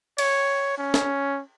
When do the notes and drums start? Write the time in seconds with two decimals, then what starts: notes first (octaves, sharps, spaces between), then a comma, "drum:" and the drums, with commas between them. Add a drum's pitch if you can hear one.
0.18 C#5, drum: cymbal
0.78 C#4
0.94 drum: snare